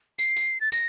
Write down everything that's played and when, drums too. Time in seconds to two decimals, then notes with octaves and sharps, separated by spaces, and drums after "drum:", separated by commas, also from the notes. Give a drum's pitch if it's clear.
0.19 C7, drum: tambourine
0.37 drum: tambourine
0.61 A6
0.72 A#6, drum: tambourine